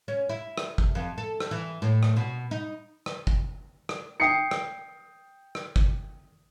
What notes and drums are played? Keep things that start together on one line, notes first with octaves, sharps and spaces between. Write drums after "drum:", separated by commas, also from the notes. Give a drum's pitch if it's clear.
C#4
E4
drum: rim click
drum: kick G1
F2
A4
drum: rim click
E3
A2
drum: rim click
B2
D#4
drum: rim click
drum: kick G1
drum: rim click
G5 D#6 C7 C#7
drum: rim click
drum: rim click
drum: kick G1